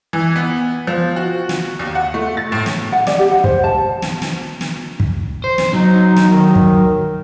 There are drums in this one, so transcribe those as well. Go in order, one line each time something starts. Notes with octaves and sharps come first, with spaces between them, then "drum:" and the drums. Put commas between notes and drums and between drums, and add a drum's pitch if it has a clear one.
E3
B3
F3
F#4
drum: snare
D#2
F#5
A3
A6
A2
drum: snare
F#5
D5, drum: snare
G4
F#5
C5, drum: kick
A5
drum: snare
drum: snare
drum: snare
drum: kick
C5
drum: snare
F#3 D#4
drum: snare
D#3
drum: kick